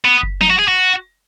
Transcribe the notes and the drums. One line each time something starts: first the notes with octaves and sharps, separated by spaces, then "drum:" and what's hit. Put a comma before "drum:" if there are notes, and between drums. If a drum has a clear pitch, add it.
B3
drum: kick F#1
D#4, drum: tom
F#4
G#4
F#4